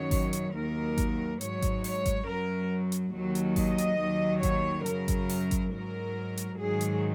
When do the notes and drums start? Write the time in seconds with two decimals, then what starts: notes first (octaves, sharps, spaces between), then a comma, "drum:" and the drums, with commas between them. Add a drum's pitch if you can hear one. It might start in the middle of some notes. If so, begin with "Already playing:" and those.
Already playing: F#2 D#3 F#3 C#5
0.11 drum: kick G#1, open hi-hat
0.33 drum: hi-hat
0.54 D#2 D#3 F#3 A#4
0.98 drum: kick G#1, hi-hat
1.41 G#2 F#3 C#5, drum: hi-hat
1.62 drum: kick G#1, hi-hat
1.84 C#5, drum: open hi-hat
2.06 drum: kick G#1, hi-hat
2.27 F#2 F#3 A#4
2.92 drum: hi-hat
3.13 D#2 D#3 F#3
3.35 drum: hi-hat
3.56 D#5, drum: kick G#1, open hi-hat
3.78 drum: hi-hat
4.00 D#2 D#3 F#3
4.43 C#5, drum: kick G#1, hi-hat
4.86 F#2 C#3 F#3 A#4, drum: hi-hat
5.08 drum: kick G#1, hi-hat
5.29 drum: open hi-hat
5.51 drum: kick G#1, hi-hat
5.73 G#2 F#3 A#4
6.37 drum: hi-hat
6.59 G#2 D#3 F#3 G#4
6.81 drum: hi-hat